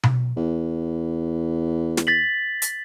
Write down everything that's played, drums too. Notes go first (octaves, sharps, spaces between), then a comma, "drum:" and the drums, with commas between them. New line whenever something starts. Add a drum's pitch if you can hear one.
drum: tom B2
E2
drum: snare
A6 B6 F#7
drum: hi-hat